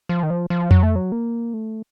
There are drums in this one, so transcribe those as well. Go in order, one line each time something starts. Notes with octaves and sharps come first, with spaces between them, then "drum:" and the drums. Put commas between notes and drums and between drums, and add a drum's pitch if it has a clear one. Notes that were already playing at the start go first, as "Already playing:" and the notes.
F3
D#3
F3
F3
F#3, drum: tom F2
A3
F#3
A#3
A3